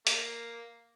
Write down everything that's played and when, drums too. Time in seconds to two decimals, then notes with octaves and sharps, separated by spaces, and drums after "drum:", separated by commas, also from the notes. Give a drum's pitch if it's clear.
0.07 A#3, drum: hi-hat